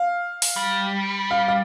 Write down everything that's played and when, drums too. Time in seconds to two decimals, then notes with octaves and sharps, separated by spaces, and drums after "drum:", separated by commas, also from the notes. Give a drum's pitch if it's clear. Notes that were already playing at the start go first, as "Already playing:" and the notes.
Already playing: F5
0.42 drum: open hi-hat
0.56 G3
1.31 F5
1.48 F5